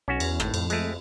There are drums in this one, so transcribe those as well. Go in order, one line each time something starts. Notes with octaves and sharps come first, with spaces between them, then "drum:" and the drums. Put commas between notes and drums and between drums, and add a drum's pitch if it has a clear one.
B1 C#4 F#4
E2, drum: cymbal
G#1 A2, drum: rim click
F2, drum: cymbal
G#3 A3, drum: cymbal